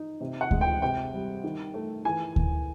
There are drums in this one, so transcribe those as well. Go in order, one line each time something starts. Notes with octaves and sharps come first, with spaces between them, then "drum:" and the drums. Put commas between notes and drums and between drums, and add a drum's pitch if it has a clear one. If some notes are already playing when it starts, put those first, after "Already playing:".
Already playing: D#4
C3
F#5
G#3, drum: kick D2
G5
C3 G5
G3
D#3
A3
E3 G#5
drum: kick D2